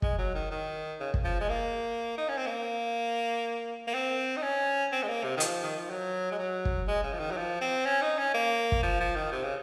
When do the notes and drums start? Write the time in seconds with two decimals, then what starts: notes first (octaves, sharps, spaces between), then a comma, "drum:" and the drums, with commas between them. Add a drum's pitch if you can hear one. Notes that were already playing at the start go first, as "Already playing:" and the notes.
0.02 G#3, drum: kick
0.18 F#3
0.35 D#3
0.51 D#3
1.00 C#3
1.14 drum: kick
1.25 F3
1.41 G#3
1.49 A#3
2.18 D#4
2.28 C#4
2.37 C4
2.46 A#3
3.87 A#3
3.94 C4
4.37 D#4
4.42 C#4
4.92 C4
5.03 G#3
5.08 A#3
5.24 C3
5.37 D#3
5.40 F3, drum: hi-hat
5.63 D#3
5.76 F3
5.90 F#3
6.32 G#3
6.38 F#3
6.65 drum: kick
6.88 G#3
7.03 C#3
7.13 F3
7.19 D#3
7.31 F#3
7.37 F3
7.61 C4
7.85 C#4
8.02 D#4
8.18 C#4
8.34 A#3
8.72 drum: kick
8.83 F3
9.00 F3
9.16 D#3
9.32 C3
9.43 C#3